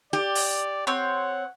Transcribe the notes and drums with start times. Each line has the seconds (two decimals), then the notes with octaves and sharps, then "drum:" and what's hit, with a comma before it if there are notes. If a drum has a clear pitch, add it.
0.13 G4 D5
0.35 drum: open hi-hat
0.87 C4 C#5 F#5